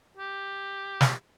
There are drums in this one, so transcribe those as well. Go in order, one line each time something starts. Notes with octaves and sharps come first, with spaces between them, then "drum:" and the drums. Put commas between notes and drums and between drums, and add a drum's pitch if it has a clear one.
G4
drum: snare